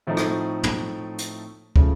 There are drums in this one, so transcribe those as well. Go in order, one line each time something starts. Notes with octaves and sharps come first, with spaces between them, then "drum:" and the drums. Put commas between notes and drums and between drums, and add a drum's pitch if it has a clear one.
A2 F3 A3 C4 D#4
drum: rim click
drum: tom
drum: hi-hat
C#3 F3 A3, drum: kick